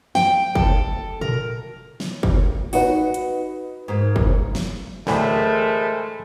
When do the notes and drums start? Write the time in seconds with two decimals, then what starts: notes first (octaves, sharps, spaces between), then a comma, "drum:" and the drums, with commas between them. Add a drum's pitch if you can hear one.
0.15 G5, drum: snare
0.55 A4, drum: kick
1.21 A#4, drum: tom A#2
2.00 drum: snare
2.23 drum: kick
2.73 D#4 F#4 B4, drum: open hi-hat
3.14 drum: hi-hat
3.88 G#2 A#3
4.16 drum: kick
4.55 drum: snare
5.07 D2 A2 E3 G#3 A3 A#4 C5 B5, drum: snare